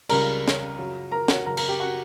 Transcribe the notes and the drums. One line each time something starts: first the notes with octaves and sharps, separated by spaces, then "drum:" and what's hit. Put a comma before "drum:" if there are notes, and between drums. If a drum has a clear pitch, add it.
C#2 C#3 G3 A#4 A#5, drum: cymbal
drum: snare
F#2 C#3 F#3
A#4 A#5
F#4 F#5, drum: snare
F#2 C#3 F#3 A#4 A#5
A#4 A#5, drum: cymbal
G4 G5
F#4 F#5